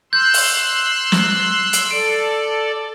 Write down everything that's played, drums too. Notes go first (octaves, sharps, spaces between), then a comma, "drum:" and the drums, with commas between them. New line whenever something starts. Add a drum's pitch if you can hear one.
C6 E6 F#6 G6
drum: open hi-hat
drum: snare
drum: hi-hat
A4 D5 D7